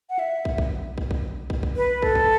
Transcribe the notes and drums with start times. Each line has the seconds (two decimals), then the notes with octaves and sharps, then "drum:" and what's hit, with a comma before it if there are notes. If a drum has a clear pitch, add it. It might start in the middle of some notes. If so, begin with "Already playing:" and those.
0.10 F#5
0.19 E5
0.45 drum: kick
0.58 drum: kick
0.98 drum: kick
1.11 drum: kick
1.50 drum: kick
1.63 drum: kick
1.77 B4
2.02 A4, drum: kick
2.15 drum: kick